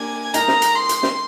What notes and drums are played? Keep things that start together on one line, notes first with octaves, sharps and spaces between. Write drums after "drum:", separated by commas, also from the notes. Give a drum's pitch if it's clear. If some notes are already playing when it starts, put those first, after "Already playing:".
Already playing: A#3 D4 G4 G#5
G#3 D#4 A#4 A#5, drum: hi-hat
drum: snare
drum: hi-hat
C6
drum: hi-hat
drum: snare